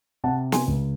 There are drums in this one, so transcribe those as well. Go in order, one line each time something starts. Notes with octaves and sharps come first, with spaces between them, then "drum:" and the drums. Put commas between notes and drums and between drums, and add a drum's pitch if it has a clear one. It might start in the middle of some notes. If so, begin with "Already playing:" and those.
C3 F#5 A5
G#5 C6, drum: snare
C#2